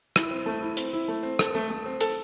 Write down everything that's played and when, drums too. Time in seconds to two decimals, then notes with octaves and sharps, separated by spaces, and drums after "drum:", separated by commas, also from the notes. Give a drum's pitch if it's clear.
0.16 E4, drum: rim click
0.31 C4
0.46 A3
0.62 E4
0.77 C4, drum: hi-hat
0.93 E4
1.08 A3
1.23 C4
1.39 A4, drum: rim click
1.55 A3
1.70 A3
1.85 C4
2.01 A4, drum: hi-hat